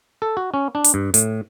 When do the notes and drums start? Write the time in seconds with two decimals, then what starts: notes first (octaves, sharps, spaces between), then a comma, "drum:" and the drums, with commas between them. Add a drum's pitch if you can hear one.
0.22 A4
0.37 F#4
0.54 C#4
0.75 D4
0.84 drum: hi-hat
0.94 G2
1.14 A2, drum: hi-hat